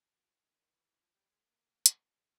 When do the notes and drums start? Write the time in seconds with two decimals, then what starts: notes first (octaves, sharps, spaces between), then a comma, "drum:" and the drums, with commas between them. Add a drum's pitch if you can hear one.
0.07 G3
0.15 F#3
0.24 F3
0.33 E3
0.42 D#3
0.71 E3
1.00 F3
1.15 G3
1.30 G#3
1.40 A3
1.49 A#3
1.86 drum: hi-hat
2.18 F3